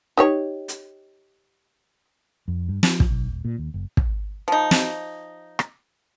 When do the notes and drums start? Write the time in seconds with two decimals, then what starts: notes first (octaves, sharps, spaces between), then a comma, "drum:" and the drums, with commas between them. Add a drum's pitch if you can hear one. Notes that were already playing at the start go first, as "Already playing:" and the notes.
0.17 D#4 G4 C#5
0.68 drum: hi-hat
2.48 F2
2.69 G2
2.83 F3, drum: snare
3.00 drum: kick
3.11 B1
3.28 D#1
3.45 A#2
3.58 D#2
3.74 F#1
3.97 drum: kick
4.48 F3 D#4
4.71 drum: snare
5.59 drum: rim click